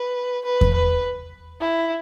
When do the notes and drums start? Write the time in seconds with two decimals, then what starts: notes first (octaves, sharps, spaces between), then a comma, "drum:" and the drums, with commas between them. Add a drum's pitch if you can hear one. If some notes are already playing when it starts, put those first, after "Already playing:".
Already playing: B4
0.44 B4
0.61 drum: kick E2
0.73 B4
1.61 E4